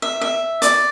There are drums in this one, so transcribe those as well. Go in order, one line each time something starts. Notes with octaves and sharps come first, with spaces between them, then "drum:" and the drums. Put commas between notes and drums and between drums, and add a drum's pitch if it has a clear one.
E5
E5
D5, drum: hi-hat